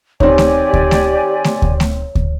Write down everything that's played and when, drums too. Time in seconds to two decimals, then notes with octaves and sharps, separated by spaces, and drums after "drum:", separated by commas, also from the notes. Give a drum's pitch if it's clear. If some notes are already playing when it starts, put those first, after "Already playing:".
0.20 D#3 C4 G4 C#5 D5 G#5, drum: kick D2
0.38 drum: snare A3
0.73 drum: kick D2
0.91 drum: snare A3
1.44 drum: snare A3
1.62 drum: kick D2
1.80 drum: snare A3
2.15 drum: kick D2